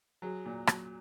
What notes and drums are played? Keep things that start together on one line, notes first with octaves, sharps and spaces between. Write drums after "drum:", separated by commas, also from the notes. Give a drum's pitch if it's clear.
F#3 G#4
A#2
F#3, drum: rim click